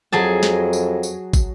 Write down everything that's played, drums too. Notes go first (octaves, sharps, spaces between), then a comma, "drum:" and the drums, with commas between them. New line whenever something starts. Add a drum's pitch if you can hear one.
F2 F#3 G#4 A5
drum: snare
drum: tambourine
drum: tambourine
drum: kick, tambourine